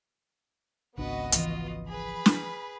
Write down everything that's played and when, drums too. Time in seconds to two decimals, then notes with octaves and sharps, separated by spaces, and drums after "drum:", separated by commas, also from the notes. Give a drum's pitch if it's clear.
0.98 G#1 C#2 B3 D4 F#4 B4 D#5 F#5
1.32 E3 F3 F4, drum: hi-hat
1.88 G#4 B4 B5
2.26 drum: snare